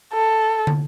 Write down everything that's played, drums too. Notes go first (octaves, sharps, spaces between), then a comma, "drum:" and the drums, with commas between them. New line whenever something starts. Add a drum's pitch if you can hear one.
A4
drum: tom